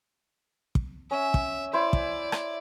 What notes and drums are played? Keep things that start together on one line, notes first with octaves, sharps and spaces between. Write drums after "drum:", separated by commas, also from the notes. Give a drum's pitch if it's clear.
drum: kick
C#4 E5
drum: kick
E4 C5 D5
drum: kick
drum: rim click